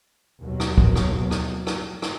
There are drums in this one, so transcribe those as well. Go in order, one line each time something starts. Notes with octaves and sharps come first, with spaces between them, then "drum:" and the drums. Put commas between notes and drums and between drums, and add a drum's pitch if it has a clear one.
D#2 B2 F#3
drum: rim click
drum: kick
drum: rim click
drum: rim click
drum: rim click
drum: rim click